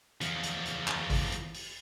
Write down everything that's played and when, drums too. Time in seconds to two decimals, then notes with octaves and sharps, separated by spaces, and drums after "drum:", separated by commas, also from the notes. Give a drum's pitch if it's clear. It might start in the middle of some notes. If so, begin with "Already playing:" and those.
0.21 E2 F3, drum: hi-hat
0.43 drum: hi-hat
0.66 drum: hi-hat
0.88 drum: clap
1.10 drum: kick G#1, open hi-hat
1.32 drum: hi-hat
1.54 drum: open hi-hat